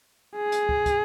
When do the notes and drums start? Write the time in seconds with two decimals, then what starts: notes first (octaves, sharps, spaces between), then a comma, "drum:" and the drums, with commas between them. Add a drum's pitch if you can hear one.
0.36 G#4
0.52 drum: hi-hat
0.69 drum: kick
0.86 drum: kick, hi-hat